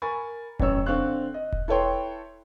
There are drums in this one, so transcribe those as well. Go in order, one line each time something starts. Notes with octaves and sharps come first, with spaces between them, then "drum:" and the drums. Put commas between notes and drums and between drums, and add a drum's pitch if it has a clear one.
A#4 G#5 B5 C#6 A6
A1 F#2 C#5 E6, drum: kick E1
D3 C4 D4 F5 C#6 F#6
D#5
drum: kick E1
E4 A4 B4 C#5 G5 C6